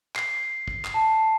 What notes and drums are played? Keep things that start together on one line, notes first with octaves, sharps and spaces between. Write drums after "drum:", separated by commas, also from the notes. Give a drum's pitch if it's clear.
C7, drum: clap
drum: kick
drum: clap
A5